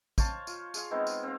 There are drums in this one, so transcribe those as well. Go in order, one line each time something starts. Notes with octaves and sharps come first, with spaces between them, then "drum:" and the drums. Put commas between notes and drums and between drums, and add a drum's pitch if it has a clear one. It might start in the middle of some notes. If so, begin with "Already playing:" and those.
C5 C#5 F5 A5, drum: kick, tambourine
F4, drum: tambourine
G#4 F5, drum: tambourine
G#3 B3 C4 D#4
drum: tambourine
C4 F5